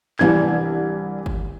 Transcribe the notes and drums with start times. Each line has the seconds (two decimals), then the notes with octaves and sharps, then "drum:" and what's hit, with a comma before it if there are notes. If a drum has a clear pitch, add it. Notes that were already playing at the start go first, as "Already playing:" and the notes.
0.19 C2 E3 D4 G#6, drum: clap
1.26 drum: kick G1